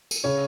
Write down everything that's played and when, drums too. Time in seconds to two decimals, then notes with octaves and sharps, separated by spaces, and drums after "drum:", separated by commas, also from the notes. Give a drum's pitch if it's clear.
0.11 drum: tambourine
0.24 C#3 C#5